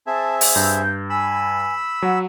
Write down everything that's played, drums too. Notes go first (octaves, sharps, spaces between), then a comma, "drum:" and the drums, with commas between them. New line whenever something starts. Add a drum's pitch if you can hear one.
C4 G#4 E5 A5
drum: open hi-hat
G2 G6
G#5 B5 E6
F#3 F#5